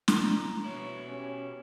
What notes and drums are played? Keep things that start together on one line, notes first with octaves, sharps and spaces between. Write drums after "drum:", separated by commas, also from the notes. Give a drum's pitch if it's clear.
drum: snare
A#5
B2 E4 C#5
C#4 G4